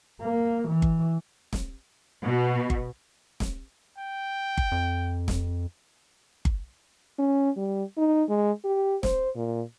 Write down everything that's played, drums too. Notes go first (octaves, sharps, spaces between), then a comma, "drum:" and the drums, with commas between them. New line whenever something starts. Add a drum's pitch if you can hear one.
A#3
E3
drum: kick G1
drum: snare
B2
drum: kick G1
drum: snare
G5
drum: kick G1
F2
drum: snare
drum: kick G1
C#4
G3
D#4
G#3
G4
C5, drum: snare
A#2